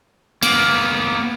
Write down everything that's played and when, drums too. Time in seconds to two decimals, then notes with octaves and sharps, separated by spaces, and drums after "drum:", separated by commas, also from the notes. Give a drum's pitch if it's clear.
0.43 A#3 B3, drum: cymbal